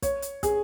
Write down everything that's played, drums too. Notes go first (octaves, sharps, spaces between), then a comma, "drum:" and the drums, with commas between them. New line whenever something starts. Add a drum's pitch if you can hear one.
C#5, drum: kick, hi-hat
drum: hi-hat
G#4, drum: kick, hi-hat